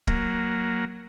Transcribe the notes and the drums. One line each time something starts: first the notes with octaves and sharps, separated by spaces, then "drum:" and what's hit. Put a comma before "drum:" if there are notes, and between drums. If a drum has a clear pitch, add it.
F#3 A#3, drum: kick